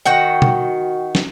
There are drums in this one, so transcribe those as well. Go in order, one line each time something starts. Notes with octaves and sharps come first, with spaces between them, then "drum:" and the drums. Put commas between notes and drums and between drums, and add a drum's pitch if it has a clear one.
D#3 F#4 F#5 G5
drum: tom
drum: snare